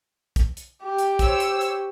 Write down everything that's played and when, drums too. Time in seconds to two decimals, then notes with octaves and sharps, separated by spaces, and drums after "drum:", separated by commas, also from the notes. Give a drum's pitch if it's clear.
0.36 drum: kick, hi-hat
0.57 drum: hi-hat
0.83 G4
0.98 drum: hi-hat
1.19 C5 C#5 E6, drum: kick, hi-hat
1.40 drum: hi-hat
1.61 drum: hi-hat